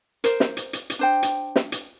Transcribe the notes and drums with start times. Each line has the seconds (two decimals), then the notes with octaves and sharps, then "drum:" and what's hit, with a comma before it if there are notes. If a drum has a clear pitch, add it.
0.24 A#4 C5, drum: hi-hat
0.40 drum: snare
0.57 drum: hi-hat
0.73 drum: hi-hat
0.90 drum: hi-hat
0.99 D4 C5 G5
1.23 drum: hi-hat
1.56 drum: snare
1.72 drum: hi-hat